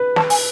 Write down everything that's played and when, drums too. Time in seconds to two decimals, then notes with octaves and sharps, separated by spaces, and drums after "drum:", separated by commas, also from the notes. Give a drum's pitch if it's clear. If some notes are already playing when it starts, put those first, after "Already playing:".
Already playing: B4
0.16 A5, drum: snare
0.30 G#5, drum: open hi-hat